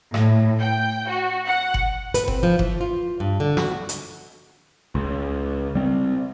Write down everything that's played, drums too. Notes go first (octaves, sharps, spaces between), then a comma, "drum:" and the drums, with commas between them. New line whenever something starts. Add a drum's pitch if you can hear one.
A2, drum: rim click
G5
F#4
F#5
drum: kick F#1
B4, drum: hi-hat
C4, drum: kick F#1
F3
E3, drum: kick F#1
F4
G2
D3
F#4, drum: snare
drum: hi-hat
C#2
G3 C4